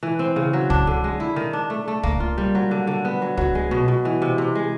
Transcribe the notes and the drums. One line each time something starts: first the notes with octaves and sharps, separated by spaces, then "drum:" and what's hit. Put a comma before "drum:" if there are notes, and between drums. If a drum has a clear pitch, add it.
E3
C4
C#3
F#3
D4, drum: kick
D3
G#3
E4
D#3
D4
A3
A3
A#3, drum: kick
F4
G3
F#3
D3
D3
B3
F#3
F#3, drum: kick
G#3
B2
B2
E3
C3
C3
G#3